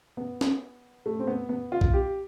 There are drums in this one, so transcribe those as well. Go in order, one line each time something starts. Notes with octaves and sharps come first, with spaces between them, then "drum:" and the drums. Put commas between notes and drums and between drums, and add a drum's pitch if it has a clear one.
B3
drum: snare
A3
C4
B3
B3
F4
drum: kick B1
G4